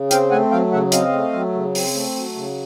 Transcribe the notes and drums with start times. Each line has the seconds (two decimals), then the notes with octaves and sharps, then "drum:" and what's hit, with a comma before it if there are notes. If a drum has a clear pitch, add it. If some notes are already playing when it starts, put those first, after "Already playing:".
Already playing: C#3
0.11 C4 F5 G5, drum: hi-hat
0.31 A3 F#5 G#5
0.51 F#3 F5 G5
0.72 C#3 E5 F#5
0.92 C4 D#5 F5, drum: hi-hat
1.14 A3
1.33 F#3
1.55 C#3
1.75 C4, drum: open hi-hat
1.95 A3
2.16 F#3
2.35 C#3